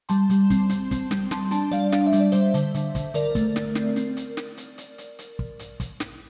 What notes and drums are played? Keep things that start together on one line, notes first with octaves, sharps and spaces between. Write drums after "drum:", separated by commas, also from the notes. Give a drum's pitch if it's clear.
G3 A5 C6, drum: hi-hat
G3, drum: hi-hat
C4, drum: kick, hi-hat
C4, drum: hi-hat
C4, drum: kick, hi-hat
G3, drum: snare
G3 A5 C6, drum: snare
D4 A5 C6, drum: hi-hat
G3 D5 F5, drum: hi-hat
D4 F5, drum: snare
E5
G3, drum: hi-hat
D5
G3 C5 E5, drum: hi-hat
D3, drum: hi-hat
D3, drum: hi-hat
D3, drum: kick, hi-hat
D3 A#4 D5, drum: hi-hat
A3, drum: kick, hi-hat
A3, drum: snare
C4, drum: snare
C4, drum: hi-hat
drum: hi-hat
drum: snare
drum: hi-hat
drum: hi-hat
drum: hi-hat
drum: hi-hat
drum: kick
drum: hi-hat
drum: kick, hi-hat
drum: snare